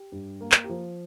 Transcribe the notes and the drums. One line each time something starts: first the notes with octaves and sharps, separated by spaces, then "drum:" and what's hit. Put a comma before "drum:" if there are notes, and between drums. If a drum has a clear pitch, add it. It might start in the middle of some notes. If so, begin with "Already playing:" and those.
Already playing: G4
G2
A#3
drum: clap
G4
F3 F4